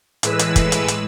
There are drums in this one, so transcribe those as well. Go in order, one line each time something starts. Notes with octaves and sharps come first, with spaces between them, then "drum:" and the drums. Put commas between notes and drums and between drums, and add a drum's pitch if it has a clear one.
A2 E3 G#3 B4 E6, drum: hi-hat
drum: hi-hat
drum: kick, hi-hat
drum: hi-hat
drum: hi-hat